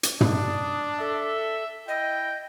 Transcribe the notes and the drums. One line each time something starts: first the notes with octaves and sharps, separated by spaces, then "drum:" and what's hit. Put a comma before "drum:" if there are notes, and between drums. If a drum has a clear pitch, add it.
drum: hi-hat
D4 D#6, drum: tom
A4 E5
E4 D#5 G5